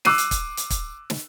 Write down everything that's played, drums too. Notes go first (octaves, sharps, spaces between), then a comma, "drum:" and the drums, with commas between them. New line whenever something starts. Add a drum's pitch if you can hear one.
D6 E6 F#6 C7 D#7, drum: snare
drum: hi-hat
drum: kick, hi-hat
drum: hi-hat
drum: kick, hi-hat
drum: snare